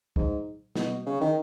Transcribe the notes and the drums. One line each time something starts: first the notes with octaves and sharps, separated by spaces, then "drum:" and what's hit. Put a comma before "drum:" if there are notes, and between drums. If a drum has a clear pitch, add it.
G#2, drum: kick C2
B2, drum: snare
C#3
D#3